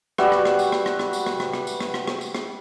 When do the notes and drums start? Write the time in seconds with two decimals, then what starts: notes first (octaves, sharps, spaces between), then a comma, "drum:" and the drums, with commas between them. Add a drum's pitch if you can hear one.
0.18 G3 B3 F#4 E5, drum: rim click
0.32 drum: rim click
0.45 drum: rim click
0.59 drum: tambourine
0.72 drum: rim click
0.86 drum: rim click
0.99 drum: rim click
1.13 drum: tambourine
1.26 drum: rim click
1.40 drum: rim click
1.53 drum: rim click
1.67 drum: tambourine
1.80 drum: rim click
1.94 drum: rim click
2.08 drum: rim click
2.21 drum: tambourine
2.35 drum: rim click